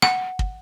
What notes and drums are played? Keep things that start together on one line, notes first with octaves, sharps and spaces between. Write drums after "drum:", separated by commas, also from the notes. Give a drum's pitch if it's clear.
F#5, drum: rim click
drum: kick